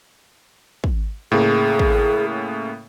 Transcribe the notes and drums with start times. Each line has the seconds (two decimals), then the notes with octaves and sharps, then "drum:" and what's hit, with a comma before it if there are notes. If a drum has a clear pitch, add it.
0.84 drum: kick
1.32 A2 C#3 A#3 G#4
1.79 drum: kick